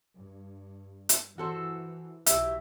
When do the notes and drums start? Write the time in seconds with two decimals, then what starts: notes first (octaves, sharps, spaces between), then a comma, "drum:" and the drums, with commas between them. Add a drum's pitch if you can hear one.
0.17 G2
1.09 drum: hi-hat
1.38 E3 F#4 A4 C5
2.26 B1 F#3 E4 G4 E5, drum: hi-hat